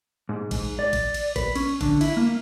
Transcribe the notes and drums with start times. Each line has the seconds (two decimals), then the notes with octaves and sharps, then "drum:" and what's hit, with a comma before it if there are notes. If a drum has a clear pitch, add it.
0.29 G#2
0.51 G#2, drum: kick A1, cymbal
0.79 D5
0.93 drum: kick A1, cymbal
1.14 drum: cymbal
1.36 B4, drum: kick A1, cymbal
1.55 C#4, drum: cymbal
1.81 D3, drum: kick A1, cymbal
2.01 E4, drum: cymbal
2.17 A#3